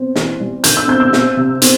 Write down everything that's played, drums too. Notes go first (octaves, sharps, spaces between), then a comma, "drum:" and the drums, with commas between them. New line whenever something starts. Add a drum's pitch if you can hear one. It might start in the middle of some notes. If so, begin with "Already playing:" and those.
Already playing: C4
E3, drum: snare
G3
D3 G6, drum: hi-hat
E6
C4 G6
E6
C4, drum: snare
C3
C4, drum: hi-hat